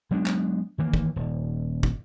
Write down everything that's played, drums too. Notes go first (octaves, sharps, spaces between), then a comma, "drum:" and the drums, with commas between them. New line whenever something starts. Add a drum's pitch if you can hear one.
F#3 G#3 B3 D4
drum: clap
D#3 E3 A#3
drum: kick
D#1
drum: kick